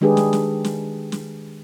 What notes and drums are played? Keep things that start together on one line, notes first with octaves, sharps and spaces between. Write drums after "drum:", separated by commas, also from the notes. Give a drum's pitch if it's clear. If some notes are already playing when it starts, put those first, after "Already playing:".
D#3 G#3 D4 G4 G#4 B4
drum: snare
drum: snare
drum: snare
drum: snare